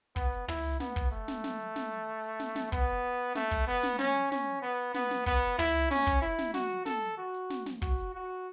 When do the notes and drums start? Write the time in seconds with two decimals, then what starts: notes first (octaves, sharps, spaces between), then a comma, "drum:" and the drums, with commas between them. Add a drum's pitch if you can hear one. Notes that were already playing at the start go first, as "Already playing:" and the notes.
0.16 B3, drum: kick, hi-hat
0.32 drum: hi-hat
0.48 E4, drum: tom
0.80 B3, drum: snare
0.96 drum: kick
1.11 A3, drum: hi-hat
1.28 drum: snare
1.44 drum: snare
1.60 drum: hi-hat
1.76 drum: snare
1.92 drum: hi-hat
2.24 drum: hi-hat
2.40 drum: snare
2.56 drum: snare
2.72 B3, drum: kick
2.88 drum: hi-hat
3.35 A3, drum: snare
3.51 drum: kick, hi-hat
3.68 B3, drum: hi-hat
3.83 drum: snare
3.99 C#4, drum: snare
4.15 drum: hi-hat
4.32 C#4, drum: snare
4.47 drum: hi-hat
4.62 B3
4.79 drum: hi-hat
4.94 B3, drum: snare
5.11 drum: snare
5.26 B3, drum: kick, hi-hat
5.43 drum: hi-hat
5.59 E4, drum: tom
5.91 C#4, drum: snare
6.07 drum: kick, hi-hat
6.22 E4, drum: hi-hat
6.39 drum: snare
6.54 F#4, drum: snare
6.70 drum: hi-hat
6.86 A4, drum: snare
7.02 drum: hi-hat
7.18 F#4
7.34 drum: hi-hat
7.50 drum: snare
7.66 drum: snare
7.82 F#4, drum: kick, hi-hat
7.98 drum: hi-hat
8.15 F#4